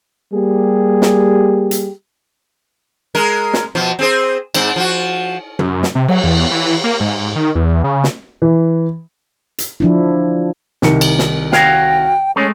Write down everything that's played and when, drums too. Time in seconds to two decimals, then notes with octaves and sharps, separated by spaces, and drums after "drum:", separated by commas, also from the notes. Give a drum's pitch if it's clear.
0.33 G3 A#3 G4 G#4
1.02 drum: snare
1.71 drum: hi-hat
3.15 G#3 A#4
3.54 drum: snare
3.75 B2 F3
3.99 C4 G#4 C5
4.55 G#2 C4, drum: cymbal
4.76 F3 F#4
5.59 F#2, drum: tom
5.83 drum: snare
5.95 C3
6.08 F#3, drum: cymbal
6.24 E2
6.51 E3
6.84 A#3
7.00 G#2
7.36 D#3
7.55 E2
7.84 C#3
8.04 drum: snare
8.42 E3
9.58 drum: hi-hat
9.80 F3 D4 E4
10.82 C2 D#3 C#7, drum: snare
11.01 drum: cymbal
11.19 drum: snare
11.52 F#4 C#5 F5 G5, drum: snare
12.36 G#3 A3 C#4